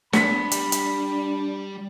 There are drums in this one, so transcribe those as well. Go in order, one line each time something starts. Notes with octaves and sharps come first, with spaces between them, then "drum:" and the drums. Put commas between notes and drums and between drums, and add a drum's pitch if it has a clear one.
D4 B4 F#5 B5 B6 C#7, drum: snare
G3, drum: hi-hat
drum: hi-hat